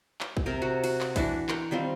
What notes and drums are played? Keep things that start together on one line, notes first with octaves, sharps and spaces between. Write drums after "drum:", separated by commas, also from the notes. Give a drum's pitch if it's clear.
drum: clap
drum: kick
C3 A#4
F#4
F#4, drum: cymbal
drum: clap
E3 D4 F#4, drum: kick, cymbal
A#4 F#5 G5, drum: clap
D#3 G3 C4 F4